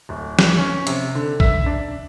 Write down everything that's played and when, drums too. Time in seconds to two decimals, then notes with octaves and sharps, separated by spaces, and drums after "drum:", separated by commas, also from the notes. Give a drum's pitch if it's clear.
0.09 D1
0.39 drum: snare
0.57 C#4
0.87 C3, drum: hi-hat
1.15 D3
1.40 E5, drum: kick
1.66 D4